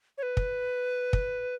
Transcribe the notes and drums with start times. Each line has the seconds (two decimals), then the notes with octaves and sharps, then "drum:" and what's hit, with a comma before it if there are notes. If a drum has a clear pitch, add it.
0.18 C#5
0.23 B4
0.37 drum: kick
1.13 drum: kick